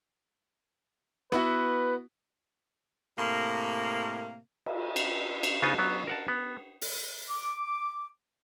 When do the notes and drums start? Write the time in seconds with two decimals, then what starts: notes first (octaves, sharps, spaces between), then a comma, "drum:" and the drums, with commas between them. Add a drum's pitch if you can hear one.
1.32 B3 E4 F#4 B4, drum: rim click
3.17 A2 C3 A#3
4.66 drum: cymbal
4.96 drum: cymbal
5.43 drum: cymbal
5.62 C#3 B3 D#4 F4 C5 D#5
5.78 F#3 B3
6.07 A#4 F#5 A5
6.28 B3
6.81 drum: open hi-hat
7.28 D6